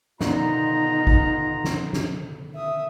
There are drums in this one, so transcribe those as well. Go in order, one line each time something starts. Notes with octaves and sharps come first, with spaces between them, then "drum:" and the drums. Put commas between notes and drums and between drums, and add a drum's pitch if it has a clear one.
B2 D3 D#3 B3 D#4 F4 A#5, drum: snare
drum: kick
drum: snare
drum: snare
E5 D#6